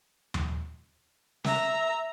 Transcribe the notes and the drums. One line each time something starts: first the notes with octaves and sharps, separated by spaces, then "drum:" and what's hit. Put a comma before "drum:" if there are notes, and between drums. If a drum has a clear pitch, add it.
drum: tom D#2
E5 A#5, drum: snare